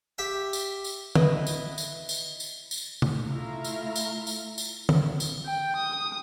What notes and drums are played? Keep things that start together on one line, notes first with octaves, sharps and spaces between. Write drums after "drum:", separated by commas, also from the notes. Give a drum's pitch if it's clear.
G4 E5 G5
drum: tambourine
drum: tambourine
E4 B4 D#5, drum: tom
drum: tambourine
drum: tambourine
drum: tambourine
drum: tambourine
drum: tambourine
drum: tom C3
A3 E4 F4 E5 F5 A#5
drum: tambourine
drum: tambourine
drum: tambourine
drum: tambourine
drum: tom
drum: tambourine
G5
D#6